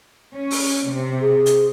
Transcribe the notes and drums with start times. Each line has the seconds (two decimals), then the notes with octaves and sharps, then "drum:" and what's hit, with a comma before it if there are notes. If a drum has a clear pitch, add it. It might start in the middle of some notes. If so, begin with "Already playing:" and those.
0.35 C#4
0.51 drum: open hi-hat
0.89 C3
1.21 G#4
1.46 drum: hi-hat